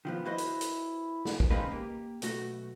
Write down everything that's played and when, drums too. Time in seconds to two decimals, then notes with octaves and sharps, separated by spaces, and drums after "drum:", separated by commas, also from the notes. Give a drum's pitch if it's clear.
0.05 D#3 F3 B3
0.25 E4 F#4 B4 C5 D#5
0.38 drum: hi-hat
0.61 drum: hi-hat
1.25 drum: snare
1.40 drum: kick
1.51 C#3 G#3 A#3 C4 D#4 B4
1.72 A#3 G4
2.22 B1 A3 F#4, drum: hi-hat